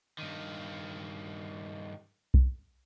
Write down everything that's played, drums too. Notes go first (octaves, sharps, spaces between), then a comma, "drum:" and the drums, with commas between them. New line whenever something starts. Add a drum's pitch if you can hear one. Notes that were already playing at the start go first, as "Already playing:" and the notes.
G2 D#3
drum: kick B1